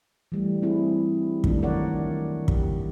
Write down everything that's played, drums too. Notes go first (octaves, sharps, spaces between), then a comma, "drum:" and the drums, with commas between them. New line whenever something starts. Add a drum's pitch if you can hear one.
E3 G3 A3
C4 D4 E4 G#4
D#3 F#3 A3 D4 F4, drum: kick
A#4 C#5 D5 F#5
G4, drum: kick